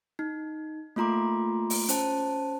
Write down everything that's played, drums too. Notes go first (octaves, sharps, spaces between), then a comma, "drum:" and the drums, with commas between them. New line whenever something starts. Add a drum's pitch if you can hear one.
D#4
A3 A#3 F4 A#5 C6 D6
drum: open hi-hat
C#4 C5 A5, drum: hi-hat